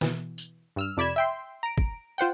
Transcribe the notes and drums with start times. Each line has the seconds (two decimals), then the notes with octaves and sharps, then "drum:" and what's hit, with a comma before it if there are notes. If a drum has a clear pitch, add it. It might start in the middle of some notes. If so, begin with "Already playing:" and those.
0.01 B2 E3, drum: snare
0.38 drum: tambourine
0.76 G2 E6 F6
0.97 F2 C3 D5 B5 G#6 E7
1.16 E5 G5 C6
1.63 A#5 D7
1.78 drum: kick
2.18 F4 C5 F#5 G5